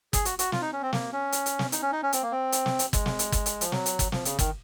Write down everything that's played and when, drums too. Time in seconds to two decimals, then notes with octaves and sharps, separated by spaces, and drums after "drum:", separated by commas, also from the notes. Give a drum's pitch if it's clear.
0.13 G#4, drum: kick G1, hi-hat
0.25 F#4, drum: hi-hat
0.39 F#4, drum: hi-hat
0.52 F4, drum: snare
0.62 D#4
0.73 C#4
0.82 C4
0.93 A#3, drum: snare
1.13 C#4
1.32 drum: hi-hat
1.46 drum: hi-hat
1.59 drum: snare
1.72 D#4, drum: hi-hat
1.82 C#4
1.92 D#4
2.03 C#4
2.13 C4, drum: hi-hat
2.23 A#3
2.32 C4
2.52 drum: hi-hat
2.66 drum: snare
2.79 drum: hi-hat
2.93 G#3, drum: kick G1, hi-hat
3.06 drum: snare
3.19 drum: hi-hat
3.32 drum: kick G1, hi-hat
3.46 drum: hi-hat
3.61 F3, drum: hi-hat
3.72 F#3, drum: snare
3.86 drum: hi-hat
3.99 drum: kick G1, hi-hat
4.12 F3, drum: snare
4.25 C#3, drum: hi-hat
4.39 D#3, drum: kick G1, hi-hat